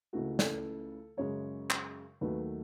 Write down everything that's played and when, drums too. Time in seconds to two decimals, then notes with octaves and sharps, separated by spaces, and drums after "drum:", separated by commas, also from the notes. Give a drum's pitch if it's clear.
0.13 C#2 C#3 E3 A3 F#4
0.39 A4, drum: snare
1.17 F#2 C#3 G#3 C#5
1.70 drum: clap
2.21 D#2 D#3 F#3 A3 B4